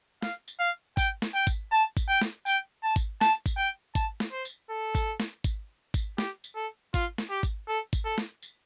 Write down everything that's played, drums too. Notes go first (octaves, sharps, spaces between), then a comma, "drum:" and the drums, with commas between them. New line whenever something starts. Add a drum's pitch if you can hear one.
F5, drum: snare
drum: tambourine
F5
G5, drum: kick G#1, tambourine
drum: snare
G5
drum: kick G#1, tambourine
A5
drum: kick G#1, tambourine
G5
drum: snare
G5, drum: tambourine
A5
drum: kick G#1, tambourine
A5, drum: snare
drum: kick G#1, tambourine
G5
A5, drum: kick G#1, tambourine
drum: snare
C5
drum: tambourine
A4
drum: kick G#1, tambourine
drum: snare
drum: kick G#1, tambourine
drum: kick G#1, tambourine
G4, drum: snare
drum: tambourine
A4
F4, drum: kick G#1, tambourine
drum: snare
G4
drum: kick G#1, tambourine
A4
drum: kick G#1, tambourine
A4
drum: snare
drum: tambourine